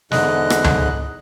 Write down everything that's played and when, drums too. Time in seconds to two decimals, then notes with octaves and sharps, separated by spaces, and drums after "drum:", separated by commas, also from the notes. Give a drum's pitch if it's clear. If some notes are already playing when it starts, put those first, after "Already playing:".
0.12 E2 G#2 D3 D#5 F#6, drum: snare
0.50 drum: rim click
0.64 drum: tom C#2